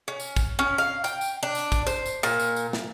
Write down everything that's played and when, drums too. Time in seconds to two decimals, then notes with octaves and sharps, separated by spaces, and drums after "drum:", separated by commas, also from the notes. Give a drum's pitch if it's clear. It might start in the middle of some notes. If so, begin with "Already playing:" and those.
0.08 C#4
0.20 drum: tambourine
0.36 drum: kick, tambourine
0.59 C#4
0.78 F5
1.04 G5, drum: tambourine
1.21 drum: tambourine
1.43 D4
1.55 drum: tambourine
1.72 drum: kick, tambourine
1.87 C5, drum: tambourine
2.06 drum: tambourine
2.23 A#2, drum: tambourine
2.39 drum: tambourine
2.56 drum: tambourine
2.73 drum: snare